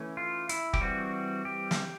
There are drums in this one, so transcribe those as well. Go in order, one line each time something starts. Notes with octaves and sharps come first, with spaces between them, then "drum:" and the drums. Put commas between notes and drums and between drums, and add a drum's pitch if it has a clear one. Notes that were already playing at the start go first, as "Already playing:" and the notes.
Already playing: E3 A3 C#4
F4
E4, drum: hi-hat
G4, drum: kick
E3 G3 C4 F#4
G4
drum: snare